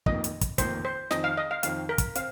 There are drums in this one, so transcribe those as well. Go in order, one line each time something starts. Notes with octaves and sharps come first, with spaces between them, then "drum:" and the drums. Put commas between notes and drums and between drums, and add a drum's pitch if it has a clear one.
F1 F2 D#3 A#3 D#4 D#5, drum: kick
drum: hi-hat
drum: kick, hi-hat
F1 F2 D#3 A#3 D#4 C5, drum: kick, hi-hat
C5
F2 D#3 C4 D#5, drum: snare
F5
D#5
F5
F2 D#3 C4 F5, drum: hi-hat
A#4
drum: kick, hi-hat
C4 F5, drum: hi-hat